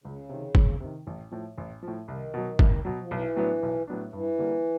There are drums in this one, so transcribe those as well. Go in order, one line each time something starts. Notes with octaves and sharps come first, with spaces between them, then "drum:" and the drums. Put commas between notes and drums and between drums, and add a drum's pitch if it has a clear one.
C#2 C#3
C3 D#3
C#2, drum: kick
C3 D#3
A1
A2 F3
A1
F3
A2
C2 D#3
B2 F#3
C2, drum: kick
B2 F#3
F3
B1 E3
A2 F#3 B3 D4
B1
A2 F#3 B3 D4
G2 E3
D3 G3 A#3